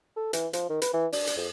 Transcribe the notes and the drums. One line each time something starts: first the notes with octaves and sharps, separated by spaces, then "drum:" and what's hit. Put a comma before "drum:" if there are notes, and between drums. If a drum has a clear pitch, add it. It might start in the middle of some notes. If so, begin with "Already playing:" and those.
A4
E3, drum: hi-hat
F3, drum: hi-hat
D#3
B4, drum: hi-hat
E3
D4, drum: open hi-hat
drum: hi-hat
F2